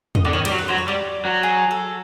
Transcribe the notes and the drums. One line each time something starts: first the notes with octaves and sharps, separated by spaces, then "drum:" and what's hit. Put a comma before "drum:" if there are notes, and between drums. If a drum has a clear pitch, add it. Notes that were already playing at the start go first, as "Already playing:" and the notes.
D#5, drum: tom E2
D3 D5
D#3 C#5
G3, drum: cymbal
F#3 A#4
B4
F#3 C5
C#5
G3 D5
F#3
G#4
A4